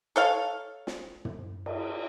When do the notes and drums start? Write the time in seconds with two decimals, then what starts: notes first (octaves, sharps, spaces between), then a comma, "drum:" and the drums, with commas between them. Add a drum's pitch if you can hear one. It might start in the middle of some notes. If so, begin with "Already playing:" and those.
0.16 A4 C#5 F5
0.87 drum: snare
1.25 drum: tom
1.66 drum: cymbal